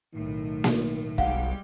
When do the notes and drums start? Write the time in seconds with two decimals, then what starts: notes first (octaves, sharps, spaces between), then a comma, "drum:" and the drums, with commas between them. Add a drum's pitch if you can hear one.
0.14 B1 A2 D#3
0.64 drum: snare A#3
1.18 B1 G3 G#3 G4 F5 F#5, drum: kick